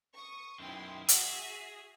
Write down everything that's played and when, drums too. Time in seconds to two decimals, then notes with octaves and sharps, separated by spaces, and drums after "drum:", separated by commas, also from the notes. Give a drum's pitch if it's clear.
0.16 C#6 D#6
0.60 F#2 D#3 E4 G5 C6
1.09 F#4 G#4 E5, drum: hi-hat